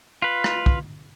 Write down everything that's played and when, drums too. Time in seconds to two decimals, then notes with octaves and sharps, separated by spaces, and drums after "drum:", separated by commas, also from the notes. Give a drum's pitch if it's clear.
0.22 F4 B4
0.44 drum: rim click
0.66 drum: kick